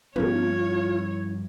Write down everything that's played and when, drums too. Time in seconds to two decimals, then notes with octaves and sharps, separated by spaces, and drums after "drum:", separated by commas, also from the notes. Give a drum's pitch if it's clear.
0.16 G2 F3 B3 C#4 F4 C#5, drum: tom
0.62 E4